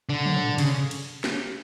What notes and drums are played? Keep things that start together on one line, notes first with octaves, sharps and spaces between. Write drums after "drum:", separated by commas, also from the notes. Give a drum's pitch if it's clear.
D3
drum: tom
C#3, drum: cymbal
drum: cymbal
drum: snare